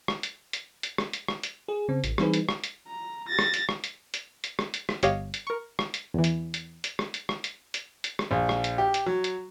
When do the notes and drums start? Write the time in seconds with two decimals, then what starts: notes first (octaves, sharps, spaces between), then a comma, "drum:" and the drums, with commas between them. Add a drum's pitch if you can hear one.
0.08 drum: rim click
0.23 drum: hi-hat
0.53 drum: hi-hat
0.83 drum: hi-hat
0.98 drum: rim click
1.13 drum: hi-hat
1.28 drum: rim click
1.43 drum: hi-hat
1.68 G#4
1.88 C#3 C4
2.04 A1, drum: hi-hat
2.18 E3 G3 C4 D#4 G#4 B4, drum: rim click
2.34 drum: hi-hat
2.49 drum: rim click
2.64 drum: hi-hat
2.88 A#5
3.28 A6 A#6
3.39 drum: rim click
3.54 drum: hi-hat
3.69 drum: rim click
3.84 drum: hi-hat
4.14 drum: hi-hat
4.44 drum: hi-hat
4.59 drum: rim click
4.74 drum: hi-hat
4.89 drum: rim click
5.03 G1 G4 C#5 D#5 F5, drum: hi-hat
5.34 drum: hi-hat
5.47 A#4 C#6
5.79 drum: rim click
5.94 drum: hi-hat
6.14 E2 E3
6.24 drum: hi-hat
6.54 drum: hi-hat
6.84 drum: hi-hat
6.99 drum: rim click
7.14 drum: hi-hat
7.29 drum: rim click
7.44 drum: hi-hat
7.74 drum: hi-hat
8.04 drum: hi-hat
8.19 drum: rim click
8.31 A#1
8.49 drum: rim click
8.64 drum: hi-hat
8.78 G4
8.94 drum: hi-hat
9.06 F#3
9.24 drum: hi-hat